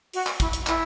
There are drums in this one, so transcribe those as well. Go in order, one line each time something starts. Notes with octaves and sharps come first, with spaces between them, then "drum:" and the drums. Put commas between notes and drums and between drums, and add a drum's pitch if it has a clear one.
F#4, drum: open hi-hat
drum: clap
E4, drum: kick, hi-hat
drum: hi-hat
E4, drum: clap